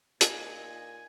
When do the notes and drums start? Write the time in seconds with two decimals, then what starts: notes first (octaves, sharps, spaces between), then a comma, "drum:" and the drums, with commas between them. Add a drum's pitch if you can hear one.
0.21 A#2 D#4 G#5, drum: hi-hat